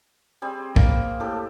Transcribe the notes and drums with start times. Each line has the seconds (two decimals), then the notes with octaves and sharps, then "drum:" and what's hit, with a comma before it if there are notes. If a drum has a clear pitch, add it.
0.42 G3 C4 G#4
0.76 A#3, drum: kick
1.20 A2 G4 A4